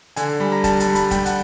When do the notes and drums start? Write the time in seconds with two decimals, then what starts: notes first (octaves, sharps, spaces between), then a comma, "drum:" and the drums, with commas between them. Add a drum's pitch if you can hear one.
0.16 D3 G#5, drum: hi-hat
0.40 G3 B5
0.52 A#5
0.64 G3 A5, drum: kick, hi-hat
0.80 A5, drum: hi-hat
0.88 G3
0.95 B5, drum: hi-hat
1.11 G3 G5, drum: kick, hi-hat
1.26 F#5, drum: hi-hat